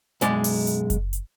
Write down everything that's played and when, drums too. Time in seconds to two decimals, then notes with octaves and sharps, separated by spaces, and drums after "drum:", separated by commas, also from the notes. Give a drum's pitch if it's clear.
0.21 B1 F#2 G#3 D5, drum: hi-hat
0.44 drum: open hi-hat
0.67 drum: hi-hat
0.90 drum: kick F#1, hi-hat
1.13 drum: hi-hat